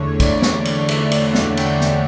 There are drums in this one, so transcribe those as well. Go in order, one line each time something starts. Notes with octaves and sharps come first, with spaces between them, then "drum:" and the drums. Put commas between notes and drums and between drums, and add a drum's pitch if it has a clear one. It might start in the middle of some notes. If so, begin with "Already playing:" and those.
Already playing: E2 D3 A3 C#5
D5, drum: kick, cymbal
drum: snare
drum: cymbal
E5, drum: cymbal
drum: cymbal
F#5
drum: snare
G5, drum: cymbal
drum: snare